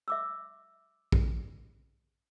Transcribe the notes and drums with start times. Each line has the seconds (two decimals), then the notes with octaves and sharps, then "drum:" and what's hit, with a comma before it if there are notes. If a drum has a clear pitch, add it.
0.08 E5 D6 E6
1.12 drum: kick